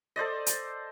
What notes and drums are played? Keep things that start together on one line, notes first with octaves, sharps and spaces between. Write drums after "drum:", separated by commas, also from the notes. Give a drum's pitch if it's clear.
A4 C5 D5 D#5
drum: hi-hat